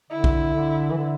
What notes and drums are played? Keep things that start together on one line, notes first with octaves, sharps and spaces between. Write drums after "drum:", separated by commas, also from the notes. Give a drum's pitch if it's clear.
D3 E4
drum: kick
D3
E3
D3